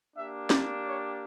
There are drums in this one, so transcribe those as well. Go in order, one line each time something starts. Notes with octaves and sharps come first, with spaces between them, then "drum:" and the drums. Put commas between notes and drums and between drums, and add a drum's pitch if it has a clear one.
A#3 D4 G4 E5
D5, drum: snare
C#5